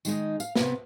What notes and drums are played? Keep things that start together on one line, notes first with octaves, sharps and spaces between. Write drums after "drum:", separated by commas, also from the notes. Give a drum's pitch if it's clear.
D#3 G#3 D#4, drum: tambourine
F5, drum: tambourine
C3 B3, drum: snare